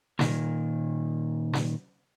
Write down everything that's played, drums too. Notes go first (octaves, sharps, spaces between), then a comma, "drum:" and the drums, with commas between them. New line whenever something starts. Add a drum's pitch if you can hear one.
A#2 D#3, drum: snare
drum: snare